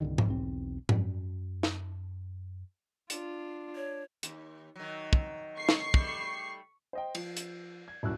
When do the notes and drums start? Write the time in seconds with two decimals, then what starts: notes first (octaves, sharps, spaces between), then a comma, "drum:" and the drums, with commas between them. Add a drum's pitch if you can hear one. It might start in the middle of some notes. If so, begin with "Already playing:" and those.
0.01 C2 G2 D3 D#3
0.18 drum: tom G#2
0.27 B1 E2 C4
0.89 F#2, drum: tom G#2
1.63 drum: snare
3.10 D4 F4, drum: hi-hat
3.76 C#5
4.23 D#2, drum: hi-hat
4.76 D#3 F#3
5.13 drum: kick
5.57 C#6 C7
5.69 drum: snare
5.94 G3 A3, drum: kick
6.93 C5 D#5 G5
7.15 F3, drum: cymbal
7.37 drum: hi-hat
7.88 G#6
8.03 D#1 F#2 E4 F#4 E6 F#6